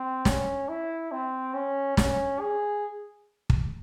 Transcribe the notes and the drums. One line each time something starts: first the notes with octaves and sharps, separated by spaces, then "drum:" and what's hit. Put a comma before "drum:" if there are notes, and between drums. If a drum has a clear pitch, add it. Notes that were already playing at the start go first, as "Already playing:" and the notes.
Already playing: C4
C#4, drum: snare
E4
C4
C#4
C#4, drum: snare
G#4
drum: kick